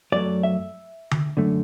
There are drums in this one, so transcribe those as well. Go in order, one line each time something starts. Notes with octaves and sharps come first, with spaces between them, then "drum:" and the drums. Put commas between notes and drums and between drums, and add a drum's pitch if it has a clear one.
F#2 F#3 A3 D5
E5
drum: tom D3
F#2 D3 A3